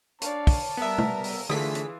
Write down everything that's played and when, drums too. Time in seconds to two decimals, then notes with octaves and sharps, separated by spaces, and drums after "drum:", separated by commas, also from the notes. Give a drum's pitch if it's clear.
0.22 D4 C#5 D5 F5 A5, drum: hi-hat
0.47 drum: kick, open hi-hat
0.77 G3 B3 A#4 E5
0.98 drum: tom
1.24 drum: open hi-hat
1.50 D3 E3 A3 F4 G#4 B6, drum: rim click
1.75 drum: hi-hat